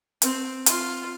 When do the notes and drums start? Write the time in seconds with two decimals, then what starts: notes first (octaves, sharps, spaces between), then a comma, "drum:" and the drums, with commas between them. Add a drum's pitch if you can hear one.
0.22 C4, drum: hi-hat
0.66 F4, drum: hi-hat